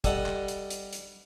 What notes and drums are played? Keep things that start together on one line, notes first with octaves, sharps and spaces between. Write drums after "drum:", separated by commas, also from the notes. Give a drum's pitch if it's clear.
G3 A4 D#5 F#5, drum: kick, hi-hat
drum: clap
drum: hi-hat
drum: hi-hat
drum: hi-hat